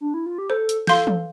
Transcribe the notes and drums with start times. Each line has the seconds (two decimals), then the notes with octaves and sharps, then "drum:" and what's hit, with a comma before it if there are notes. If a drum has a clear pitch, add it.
0.01 D4
0.14 E4
0.26 F4
0.38 G4
0.50 A4 C5
0.69 drum: hi-hat
0.87 A4 F5 C6 G6, drum: snare
1.07 drum: tom E3